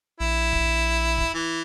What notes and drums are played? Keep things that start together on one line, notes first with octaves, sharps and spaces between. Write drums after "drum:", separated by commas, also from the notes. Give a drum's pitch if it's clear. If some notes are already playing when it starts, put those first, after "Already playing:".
A#1 E4
drum: kick
drum: kick
E3